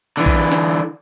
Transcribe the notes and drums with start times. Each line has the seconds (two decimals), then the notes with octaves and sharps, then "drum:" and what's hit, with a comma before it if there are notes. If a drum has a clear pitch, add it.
0.17 D3 E3
0.26 drum: kick A#1
0.52 drum: snare